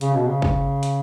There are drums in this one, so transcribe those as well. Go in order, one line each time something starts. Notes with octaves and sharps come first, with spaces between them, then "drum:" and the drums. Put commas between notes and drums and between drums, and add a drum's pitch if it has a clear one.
C#3, drum: hi-hat
B2
C#3
drum: kick
drum: hi-hat